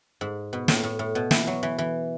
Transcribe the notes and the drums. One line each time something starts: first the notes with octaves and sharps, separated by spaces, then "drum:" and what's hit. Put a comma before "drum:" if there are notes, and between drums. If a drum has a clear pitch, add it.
G#2
B2
A2, drum: snare
A2
A2
B2
E3, drum: snare
F#3
E3
E3